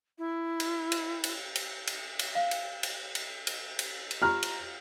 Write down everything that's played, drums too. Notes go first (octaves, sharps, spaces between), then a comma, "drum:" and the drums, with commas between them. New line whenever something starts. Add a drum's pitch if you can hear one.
E4
drum: cymbal
drum: cymbal
drum: cymbal
drum: cymbal
drum: cymbal
drum: cymbal
F5
drum: cymbal
drum: cymbal
drum: cymbal
drum: cymbal
drum: cymbal
drum: cymbal
F4 G4 A#5 F6
drum: cymbal